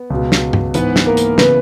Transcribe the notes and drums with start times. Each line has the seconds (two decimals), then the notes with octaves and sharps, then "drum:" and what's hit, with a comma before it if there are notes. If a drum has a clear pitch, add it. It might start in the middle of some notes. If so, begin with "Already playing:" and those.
Already playing: B3
0.10 C#2 B2
0.32 drum: snare
0.53 drum: tom G2
0.74 G#2 E3 B3 B4, drum: hi-hat
0.96 drum: snare
1.06 A#3 A#4
1.17 drum: hi-hat
1.38 C#3 E3 B3 B4, drum: snare